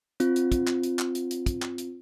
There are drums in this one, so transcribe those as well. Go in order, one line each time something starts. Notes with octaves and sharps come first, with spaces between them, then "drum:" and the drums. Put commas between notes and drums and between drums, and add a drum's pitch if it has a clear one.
C4 F4, drum: hi-hat
drum: hi-hat
drum: kick, hi-hat
drum: clap
drum: hi-hat
drum: clap
drum: hi-hat
drum: hi-hat
drum: kick, hi-hat
drum: clap
drum: hi-hat